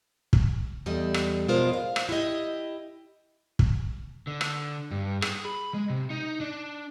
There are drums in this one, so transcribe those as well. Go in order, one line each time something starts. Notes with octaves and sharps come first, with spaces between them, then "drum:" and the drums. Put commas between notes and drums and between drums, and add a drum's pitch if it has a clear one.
drum: kick
E2 G3 A4 D#5
drum: rim click
B2 F3 G#3 F4 A#4 C5
F5
drum: rim click
E4 G4 D#5
drum: kick
D3
drum: rim click
G2
G#4, drum: rim click
B5
G#3
C3
D#4
D4